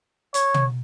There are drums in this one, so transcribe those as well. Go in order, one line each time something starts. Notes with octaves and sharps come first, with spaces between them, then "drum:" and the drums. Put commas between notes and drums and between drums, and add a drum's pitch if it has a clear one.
C#5, drum: hi-hat
drum: tom